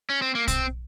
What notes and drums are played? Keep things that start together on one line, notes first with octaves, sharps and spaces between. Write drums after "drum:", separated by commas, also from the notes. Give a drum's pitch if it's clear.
C#4
C4
A#3
C4, drum: kick, hi-hat